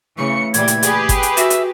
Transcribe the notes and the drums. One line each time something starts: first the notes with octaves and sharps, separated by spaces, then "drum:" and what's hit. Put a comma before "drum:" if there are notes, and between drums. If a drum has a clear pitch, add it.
C#3 E3 A3 C#6 C#7
A#2 E3 G3 G#6, drum: hi-hat
drum: hi-hat
G4 G#4 B4, drum: hi-hat
drum: kick G1, hi-hat
drum: hi-hat
F#4 E5, drum: hi-hat
drum: hi-hat